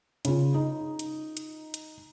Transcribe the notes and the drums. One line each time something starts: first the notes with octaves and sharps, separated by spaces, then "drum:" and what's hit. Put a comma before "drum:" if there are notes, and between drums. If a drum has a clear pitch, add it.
C#3 F4, drum: hi-hat
D#4
drum: hi-hat
drum: hi-hat
drum: hi-hat